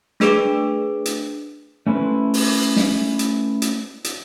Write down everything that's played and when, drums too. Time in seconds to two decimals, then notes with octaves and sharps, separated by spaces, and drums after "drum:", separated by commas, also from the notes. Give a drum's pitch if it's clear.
0.20 A3 D4 G#4 B4 D6 D7, drum: snare
1.05 drum: hi-hat
1.87 A3 C#4 E4 A4 B4 C5
2.34 drum: open hi-hat
2.76 drum: snare
3.19 drum: hi-hat
3.62 drum: hi-hat
4.04 drum: hi-hat